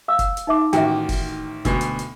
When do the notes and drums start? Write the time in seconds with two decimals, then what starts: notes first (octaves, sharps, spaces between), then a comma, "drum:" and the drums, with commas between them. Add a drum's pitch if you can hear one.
0.08 F5 E6
0.19 drum: kick, hi-hat
0.37 drum: hi-hat
0.47 D#4 E5 D6
0.73 A1 D#3 F#4 E5 G5, drum: hi-hat
1.09 drum: kick, open hi-hat
1.65 D2 B2, drum: kick, hi-hat
1.81 drum: hi-hat
1.99 drum: hi-hat